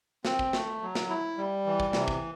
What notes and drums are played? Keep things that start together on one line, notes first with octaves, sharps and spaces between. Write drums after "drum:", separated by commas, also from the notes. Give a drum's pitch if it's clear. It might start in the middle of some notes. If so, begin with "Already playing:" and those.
C4, drum: snare
drum: kick
A3, drum: snare
F#3
drum: snare
E4
G3
E3
drum: kick
C3, drum: snare
drum: kick